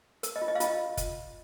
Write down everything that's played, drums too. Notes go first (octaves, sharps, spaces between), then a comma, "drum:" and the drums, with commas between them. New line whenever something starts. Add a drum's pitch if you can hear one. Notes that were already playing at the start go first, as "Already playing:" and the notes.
A#4, drum: hi-hat
D#5
F4
D#5
F5
F4 D#5, drum: hi-hat
drum: kick, hi-hat